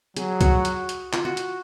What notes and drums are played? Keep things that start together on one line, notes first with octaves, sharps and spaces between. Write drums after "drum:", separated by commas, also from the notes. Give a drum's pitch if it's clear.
F#3 G#4, drum: hi-hat
F#4, drum: kick, hi-hat
drum: hi-hat
drum: hi-hat
F4, drum: clap
F#4
drum: hi-hat